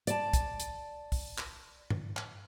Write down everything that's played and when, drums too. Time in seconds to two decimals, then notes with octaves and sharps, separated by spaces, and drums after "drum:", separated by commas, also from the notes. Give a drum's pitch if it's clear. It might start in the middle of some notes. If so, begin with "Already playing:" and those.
0.07 D5 A5, drum: hi-hat
0.33 drum: kick, hi-hat
0.60 drum: hi-hat
1.12 drum: kick, open hi-hat
1.38 drum: clap
1.90 drum: tom G2
2.17 drum: clap